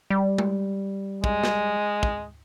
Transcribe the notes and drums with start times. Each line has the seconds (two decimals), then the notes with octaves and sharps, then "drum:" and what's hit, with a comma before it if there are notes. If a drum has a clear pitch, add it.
0.10 G3
0.38 drum: tom G#3
1.24 G#3, drum: kick
1.44 drum: snare
2.03 drum: kick